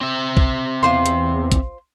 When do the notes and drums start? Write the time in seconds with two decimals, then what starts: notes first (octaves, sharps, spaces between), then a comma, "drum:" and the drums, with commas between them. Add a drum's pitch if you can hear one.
0.01 C4 E5
0.37 drum: kick
0.83 E2 F4 C5 C6
1.06 drum: hi-hat
1.52 drum: kick, hi-hat